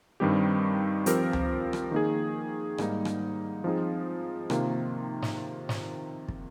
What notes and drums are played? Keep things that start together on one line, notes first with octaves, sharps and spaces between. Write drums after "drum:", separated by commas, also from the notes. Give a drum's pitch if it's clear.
G2 D#3 G3 C4 G4
F3 C4 G4 A#4, drum: hi-hat
drum: tom C#2
drum: rim click
D#3 A#3 D#4 G#4
G#2 G3 A#3 D#4, drum: rim click
drum: rim click
F3 C4 D#4 G#4
C3 D#3 A#3 F4, drum: rim click
drum: snare
drum: snare
drum: kick